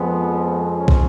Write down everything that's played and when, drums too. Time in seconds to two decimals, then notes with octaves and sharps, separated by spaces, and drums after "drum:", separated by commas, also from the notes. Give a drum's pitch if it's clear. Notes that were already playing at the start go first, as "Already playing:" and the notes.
Already playing: F2 F3 G#3 B3
0.77 C#4
0.88 drum: kick